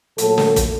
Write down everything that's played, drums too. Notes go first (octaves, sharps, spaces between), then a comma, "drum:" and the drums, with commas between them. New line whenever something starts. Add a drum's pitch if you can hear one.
A#2 F#3 A3 A4, drum: hi-hat
drum: snare
drum: kick, hi-hat